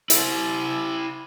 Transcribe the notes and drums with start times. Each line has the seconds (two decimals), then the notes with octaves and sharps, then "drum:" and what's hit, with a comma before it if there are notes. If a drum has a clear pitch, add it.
0.10 E4 C5, drum: hi-hat